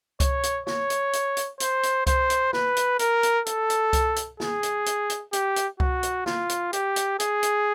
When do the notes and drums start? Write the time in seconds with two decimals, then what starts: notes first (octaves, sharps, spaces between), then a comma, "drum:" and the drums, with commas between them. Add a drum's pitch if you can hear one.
0.20 C#5, drum: kick C2, hi-hat
0.43 drum: hi-hat
0.67 C#5, drum: snare
0.90 drum: hi-hat
1.13 drum: hi-hat
1.37 drum: hi-hat
1.60 C5, drum: hi-hat
1.83 drum: hi-hat
2.07 C5, drum: kick C2, hi-hat
2.30 drum: hi-hat
2.53 B4, drum: snare
2.76 drum: hi-hat
2.99 A#4, drum: hi-hat
3.23 drum: hi-hat
3.46 A4, drum: hi-hat
3.70 drum: hi-hat
3.93 drum: kick C2, hi-hat
4.16 drum: hi-hat
4.40 G#4, drum: snare
4.63 drum: hi-hat
4.86 drum: hi-hat
5.10 drum: hi-hat
5.33 G4, drum: hi-hat
5.56 drum: hi-hat
5.80 F#4, drum: kick C2
6.03 drum: hi-hat
6.26 F4, drum: snare
6.49 drum: hi-hat
6.73 G4, drum: hi-hat
6.96 drum: hi-hat
7.20 G#4, drum: hi-hat
7.43 drum: hi-hat